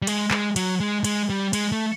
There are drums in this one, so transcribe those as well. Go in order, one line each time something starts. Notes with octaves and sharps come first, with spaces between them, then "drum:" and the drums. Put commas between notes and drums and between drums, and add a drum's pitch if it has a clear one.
G3
G#3, drum: cymbal
G#3, drum: clap
F#3, drum: cymbal
G#3
G#3, drum: cymbal
G3
G#3, drum: cymbal
A3